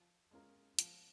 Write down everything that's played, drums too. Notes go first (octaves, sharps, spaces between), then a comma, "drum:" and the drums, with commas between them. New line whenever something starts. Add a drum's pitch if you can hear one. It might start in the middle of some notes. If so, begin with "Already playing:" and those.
Already playing: F3
G#3 C#4 F4 A#4
F3, drum: hi-hat